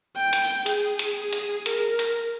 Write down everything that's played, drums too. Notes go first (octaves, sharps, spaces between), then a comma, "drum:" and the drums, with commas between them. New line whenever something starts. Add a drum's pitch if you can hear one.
G5
drum: hi-hat
G#4, drum: hi-hat
drum: hi-hat
drum: hi-hat
A#4, drum: hi-hat
drum: hi-hat